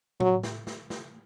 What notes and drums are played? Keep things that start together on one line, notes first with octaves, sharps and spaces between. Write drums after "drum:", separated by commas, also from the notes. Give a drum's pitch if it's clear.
F#3, drum: tom A2
drum: snare
drum: snare
drum: snare